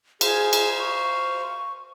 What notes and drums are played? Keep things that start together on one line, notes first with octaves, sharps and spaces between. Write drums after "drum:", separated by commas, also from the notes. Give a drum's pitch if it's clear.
G#4 C5 F5, drum: cymbal
drum: cymbal
C#6